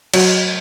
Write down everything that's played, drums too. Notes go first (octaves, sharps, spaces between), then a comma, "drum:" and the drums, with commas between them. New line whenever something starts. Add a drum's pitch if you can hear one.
F#3, drum: cymbal